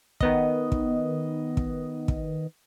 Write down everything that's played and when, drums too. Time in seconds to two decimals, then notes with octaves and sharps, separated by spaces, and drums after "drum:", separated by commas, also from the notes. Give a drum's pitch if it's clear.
0.20 D#3 B3 D#5, drum: kick
0.72 drum: kick
1.57 drum: kick
2.08 drum: kick